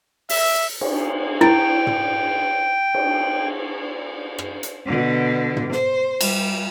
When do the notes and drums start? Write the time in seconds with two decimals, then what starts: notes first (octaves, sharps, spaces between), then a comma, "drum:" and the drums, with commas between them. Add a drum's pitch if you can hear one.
0.29 E5, drum: open hi-hat
0.81 drum: cymbal
1.41 E4 G5, drum: rim click
1.87 drum: tom
2.94 drum: cymbal
4.39 drum: rim click
4.63 drum: hi-hat
4.86 B2 D3
5.56 drum: tom
5.72 C5, drum: snare
6.21 G3, drum: cymbal